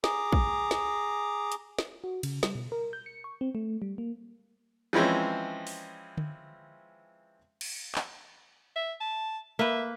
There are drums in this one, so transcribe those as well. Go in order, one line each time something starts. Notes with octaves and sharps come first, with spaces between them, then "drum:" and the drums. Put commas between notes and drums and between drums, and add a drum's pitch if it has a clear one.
G#4 A#5 D6, drum: snare
drum: kick
drum: snare
drum: hi-hat
drum: snare
F#4
C#3, drum: cymbal
G3, drum: snare
B2
A#4
G6
C#7
C#6
C4
A3
G3
A#3
E3 F3 G#3 C4 C#4
drum: open hi-hat
drum: tom D3
drum: cymbal
drum: clap
E5
A5
A#3 B4 E5